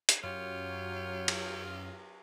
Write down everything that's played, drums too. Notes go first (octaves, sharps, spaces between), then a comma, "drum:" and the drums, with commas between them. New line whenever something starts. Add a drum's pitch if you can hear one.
drum: hi-hat
F#2 F#3 F4 G4 C#5
drum: cymbal